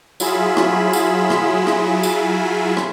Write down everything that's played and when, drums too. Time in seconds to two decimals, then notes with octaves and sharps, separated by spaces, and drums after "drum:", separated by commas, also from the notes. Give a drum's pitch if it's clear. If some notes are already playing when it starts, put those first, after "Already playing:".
0.20 F#3 E4 F4 G#4 B5 E7, drum: tambourine
0.57 drum: rim click
0.93 drum: tambourine
1.30 drum: rim click
1.67 drum: rim click
2.03 drum: tambourine
2.77 drum: rim click